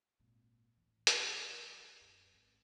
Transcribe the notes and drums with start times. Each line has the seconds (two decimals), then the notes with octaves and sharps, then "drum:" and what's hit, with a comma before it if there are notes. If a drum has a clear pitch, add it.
0.20 G#1 A#2
0.77 A2 E3
1.07 drum: hi-hat
1.45 A#1 F#3
1.80 D#4
2.01 D1 F#2
2.33 G#1